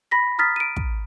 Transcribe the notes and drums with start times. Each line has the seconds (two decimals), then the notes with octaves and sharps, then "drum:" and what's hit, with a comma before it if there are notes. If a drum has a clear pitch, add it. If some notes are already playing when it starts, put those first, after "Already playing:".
0.11 B5 A#6 B6
0.38 A#5 D#6 F6 A6 B6
0.56 D7 D#7
0.77 drum: kick